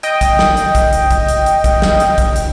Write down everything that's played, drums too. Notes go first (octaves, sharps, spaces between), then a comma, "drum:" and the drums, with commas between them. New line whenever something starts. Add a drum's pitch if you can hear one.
D#5 G5, drum: hi-hat
drum: kick, hi-hat
drum: snare
drum: hi-hat
drum: kick, hi-hat
drum: hi-hat
drum: kick, hi-hat
drum: hi-hat
drum: hi-hat
drum: kick, hi-hat
drum: snare
drum: hi-hat
drum: kick, hi-hat
drum: hi-hat